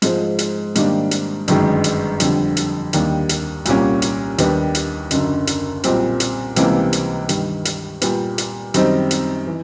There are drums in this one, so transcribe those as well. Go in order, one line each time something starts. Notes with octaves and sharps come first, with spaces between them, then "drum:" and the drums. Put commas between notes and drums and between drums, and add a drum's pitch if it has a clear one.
G#2 F3 G#3, drum: hi-hat
drum: hi-hat
G#2 D#3 G3 A#3 D4, drum: hi-hat
drum: hi-hat
G1 F#2 D#3 G#3, drum: hi-hat
drum: hi-hat
F2 D3 G3, drum: hi-hat
drum: hi-hat
D#2 D#3 G3 A#3 D4, drum: hi-hat
drum: hi-hat
C2 A#2 G3 A#3 C#4, drum: hi-hat
drum: hi-hat
D#2 D#3 G3 B3 D4, drum: hi-hat
drum: hi-hat
F#1 F#2 D3, drum: hi-hat
drum: hi-hat
B1 A#2 G3 C4, drum: hi-hat
drum: hi-hat
C#2 C3 E3 G3 A#3, drum: hi-hat
drum: hi-hat
G2 D#3 G3, drum: hi-hat
drum: hi-hat
A#2 G3 B3, drum: hi-hat
drum: hi-hat
F#2 D#3 G3 C4 D#4, drum: hi-hat
drum: hi-hat
E3